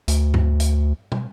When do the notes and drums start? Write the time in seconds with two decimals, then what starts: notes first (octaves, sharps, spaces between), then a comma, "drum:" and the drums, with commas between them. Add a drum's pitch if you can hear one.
0.08 D2, drum: hi-hat
0.34 drum: tom G2
0.60 drum: hi-hat
1.12 drum: tom